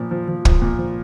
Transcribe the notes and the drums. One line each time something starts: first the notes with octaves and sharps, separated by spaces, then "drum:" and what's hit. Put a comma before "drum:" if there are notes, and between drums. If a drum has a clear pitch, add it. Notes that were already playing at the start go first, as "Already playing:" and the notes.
Already playing: A#2 F3
F3
F3
F3, drum: kick
A#2
F3